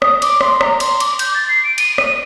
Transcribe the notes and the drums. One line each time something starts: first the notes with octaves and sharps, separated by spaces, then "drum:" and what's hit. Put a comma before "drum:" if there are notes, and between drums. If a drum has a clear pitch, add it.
D#6, drum: rim click
D6, drum: cymbal
C6, drum: rim click
A#5, drum: rim click
C6, drum: cymbal
D6, drum: cymbal
G6, drum: cymbal
A6
C7
D7
D#7, drum: cymbal
D#7, drum: rim click